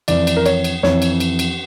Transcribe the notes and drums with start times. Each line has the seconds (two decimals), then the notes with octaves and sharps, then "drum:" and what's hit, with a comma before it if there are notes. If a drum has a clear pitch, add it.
0.08 F2 E3 D5, drum: cymbal
0.27 drum: cymbal
0.37 A#4
0.46 C#5, drum: cymbal
0.64 drum: cymbal
0.83 F2 E3 C#5, drum: snare
1.02 drum: cymbal
1.20 drum: cymbal
1.39 drum: cymbal